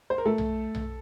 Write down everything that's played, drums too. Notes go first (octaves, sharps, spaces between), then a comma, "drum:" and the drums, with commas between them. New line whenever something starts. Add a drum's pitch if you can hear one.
C5
A#4
A3 A4
drum: tom B1
drum: tom B1